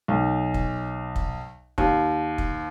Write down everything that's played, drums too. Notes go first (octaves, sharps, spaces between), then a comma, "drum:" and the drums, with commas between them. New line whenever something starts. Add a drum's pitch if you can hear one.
B1
drum: kick
drum: kick
D#2, drum: kick
drum: kick